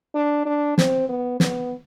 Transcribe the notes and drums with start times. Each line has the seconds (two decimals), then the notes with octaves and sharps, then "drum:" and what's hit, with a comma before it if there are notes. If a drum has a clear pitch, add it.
0.15 D4
0.45 D4
0.78 C4, drum: snare
1.09 B3
1.40 B3, drum: snare